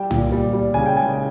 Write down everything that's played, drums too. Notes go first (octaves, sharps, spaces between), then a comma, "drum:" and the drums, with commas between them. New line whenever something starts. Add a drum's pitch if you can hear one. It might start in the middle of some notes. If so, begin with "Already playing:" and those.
Already playing: G3 G5
A#2, drum: tom
G3
G3
C#3 G#5
G5
G#3 G#5